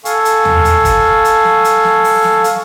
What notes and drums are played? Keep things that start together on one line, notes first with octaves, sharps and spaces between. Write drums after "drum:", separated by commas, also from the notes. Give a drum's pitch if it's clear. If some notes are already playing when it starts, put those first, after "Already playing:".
A4 F5 G#5 C#6, drum: hi-hat
drum: hi-hat
drum: tom
drum: hi-hat
drum: kick, hi-hat
drum: hi-hat
drum: snare
drum: hi-hat
drum: snare
drum: open hi-hat
drum: snare
drum: hi-hat